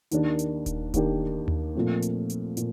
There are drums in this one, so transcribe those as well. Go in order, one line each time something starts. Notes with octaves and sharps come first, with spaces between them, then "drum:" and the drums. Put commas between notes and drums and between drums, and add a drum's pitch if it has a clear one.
D#2 D#3 A#3 D4 G4, drum: hi-hat
drum: hi-hat
drum: kick D#1, hi-hat
D#2 D#3 A#3 D4 G4, drum: kick D#1, hi-hat
drum: tom D#2
A#2 F3 A3 C4
drum: hi-hat
drum: hi-hat
A#2, drum: hi-hat